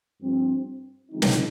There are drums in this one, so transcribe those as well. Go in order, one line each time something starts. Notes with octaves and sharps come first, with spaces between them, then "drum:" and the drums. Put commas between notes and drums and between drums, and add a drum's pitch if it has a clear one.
G2 F3 C4
D3 F3 G#3 C4 D#4
drum: snare